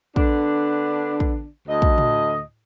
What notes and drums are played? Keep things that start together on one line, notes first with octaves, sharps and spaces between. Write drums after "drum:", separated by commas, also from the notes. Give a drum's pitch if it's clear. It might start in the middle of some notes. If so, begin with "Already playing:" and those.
D3 B3 D4, drum: kick
drum: kick
D2 D#5
drum: kick
drum: tom